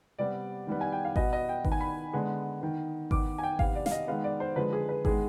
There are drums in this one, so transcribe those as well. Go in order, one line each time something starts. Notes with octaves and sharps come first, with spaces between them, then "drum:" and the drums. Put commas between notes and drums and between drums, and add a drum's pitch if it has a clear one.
C3 G3 B3 D5
D#3 G3 B3
G#5
G5
F5
B2 B3 D#5, drum: kick G#1
D#5
G5
D#3 B3, drum: kick G#1
G#5
B5
D3 G#3 B3
D#3 B3
D#3 B3 D6, drum: kick G#1
G#5
G5
C3 D#3 B3 F5, drum: kick G#1
D5
F5, drum: snare
D#5
D#3 G#3 B3 F5
D5
C5
D3 F3 G#3 B4
G#4
B4
D#3 G#3 B3 G#4, drum: kick G#1